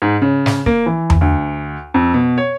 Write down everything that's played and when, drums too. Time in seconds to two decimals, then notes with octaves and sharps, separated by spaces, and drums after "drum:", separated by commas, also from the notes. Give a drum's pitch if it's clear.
0.02 G#2
0.22 C#3
0.46 drum: snare
0.66 A#3, drum: kick
0.86 E3
1.10 drum: tom E2
1.21 D2
1.94 F2
2.14 B2
2.38 C#5